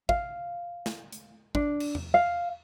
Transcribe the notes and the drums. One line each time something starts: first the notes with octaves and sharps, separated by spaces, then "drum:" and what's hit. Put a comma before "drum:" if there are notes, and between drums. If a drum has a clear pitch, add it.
F5, drum: kick
drum: snare
drum: hi-hat
D4, drum: kick
drum: cymbal
drum: tom E2
F5